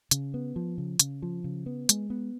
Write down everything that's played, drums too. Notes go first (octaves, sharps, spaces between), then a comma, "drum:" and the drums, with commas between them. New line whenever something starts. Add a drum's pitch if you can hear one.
C#3, drum: hi-hat
B3
F3
C#3
C#3, drum: hi-hat
F3
C#3
B3
G#3, drum: hi-hat
B3